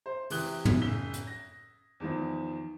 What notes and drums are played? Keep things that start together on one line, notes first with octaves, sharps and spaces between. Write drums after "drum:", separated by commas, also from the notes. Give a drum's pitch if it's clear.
C5
C3 E3 G4 D#6 F#6 G7, drum: open hi-hat
drum: tom
F#1 E6 B6 G7
drum: hi-hat
A#6
E2 D#3 F3